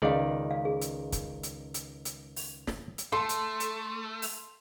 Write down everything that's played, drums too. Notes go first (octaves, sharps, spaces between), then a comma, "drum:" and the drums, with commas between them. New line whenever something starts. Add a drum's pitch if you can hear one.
C#2 D#3 G#4 D5 D#5 F5
F5
G#4
drum: hi-hat
drum: kick, hi-hat
drum: hi-hat
drum: hi-hat
drum: hi-hat
drum: open hi-hat
drum: snare
drum: hi-hat
A3 A4 C6
drum: hi-hat
drum: hi-hat
drum: open hi-hat